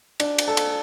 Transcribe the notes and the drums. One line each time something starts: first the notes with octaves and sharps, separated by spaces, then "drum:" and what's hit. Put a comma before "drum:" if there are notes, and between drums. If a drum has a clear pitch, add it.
D4, drum: cymbal
drum: cymbal
A4
drum: cymbal